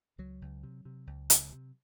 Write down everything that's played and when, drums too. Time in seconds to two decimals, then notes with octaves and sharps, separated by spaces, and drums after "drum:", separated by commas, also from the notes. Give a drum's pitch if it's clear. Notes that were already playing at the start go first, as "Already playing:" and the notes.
0.18 C#2 F#3
0.42 C#2
0.63 C3
0.85 C3
1.07 C#2
1.30 C#2, drum: hi-hat
1.52 C3